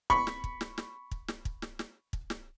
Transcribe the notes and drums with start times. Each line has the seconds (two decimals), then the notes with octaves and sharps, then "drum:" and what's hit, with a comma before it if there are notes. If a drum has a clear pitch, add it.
0.10 B5 C#6, drum: kick
0.27 drum: snare
0.44 drum: kick
0.61 drum: snare
0.78 drum: snare
1.11 drum: kick
1.28 drum: snare
1.45 drum: kick
1.62 drum: snare
1.79 drum: snare
2.13 drum: kick
2.30 drum: snare